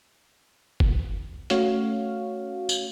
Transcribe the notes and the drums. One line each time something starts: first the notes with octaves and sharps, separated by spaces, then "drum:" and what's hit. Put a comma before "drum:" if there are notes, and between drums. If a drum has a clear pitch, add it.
drum: kick
A3 C#4 F#4 C#5 F5, drum: hi-hat
drum: tambourine